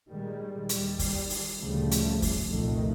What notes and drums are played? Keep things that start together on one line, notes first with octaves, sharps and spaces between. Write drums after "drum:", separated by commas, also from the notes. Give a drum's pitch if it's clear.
A#2 D#3 G3 G#3
D#2 D#3 G3, drum: hi-hat
drum: kick, open hi-hat
drum: open hi-hat
D2 A#2 C#3 F3 G3 A3
drum: hi-hat
drum: kick, open hi-hat
C2 F2 A#2 D#3 F3 A3